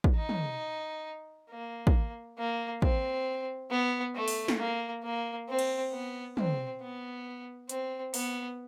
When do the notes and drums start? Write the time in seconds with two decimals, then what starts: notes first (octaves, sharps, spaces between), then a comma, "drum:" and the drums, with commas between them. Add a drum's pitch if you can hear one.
0.04 drum: kick
0.16 D#4
0.29 drum: tom
1.50 A#3
1.87 drum: kick
2.38 A#3
2.82 C4, drum: kick
3.71 B3
4.15 A3
4.28 drum: open hi-hat
4.48 drum: snare
4.59 A#3
5.03 A#3
5.48 C4
5.59 drum: cymbal
5.92 B3
6.37 C4, drum: tom
6.81 B3
7.69 C4, drum: hi-hat
8.14 B3, drum: open hi-hat